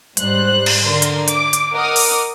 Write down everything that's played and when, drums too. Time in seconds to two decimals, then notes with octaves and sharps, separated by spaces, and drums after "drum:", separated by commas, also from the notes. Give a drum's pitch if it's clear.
0.17 G#2 G3 C5 F#6, drum: hi-hat
0.66 drum: cymbal
0.87 D3 A#4 C6
1.02 drum: hi-hat
1.28 D6, drum: hi-hat
1.53 drum: hi-hat
1.73 A#4 D#5 F#5 D6 D#6 F6
1.96 drum: open hi-hat